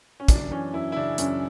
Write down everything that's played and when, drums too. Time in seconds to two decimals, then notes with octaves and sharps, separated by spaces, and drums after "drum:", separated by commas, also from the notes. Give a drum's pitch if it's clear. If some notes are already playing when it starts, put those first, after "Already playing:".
0.20 C#4
0.28 F#2 D4, drum: kick, hi-hat
0.51 E3 C#4
0.74 F#2 E4
0.92 E4
0.96 C#3 D4
1.18 F#2 C#4, drum: hi-hat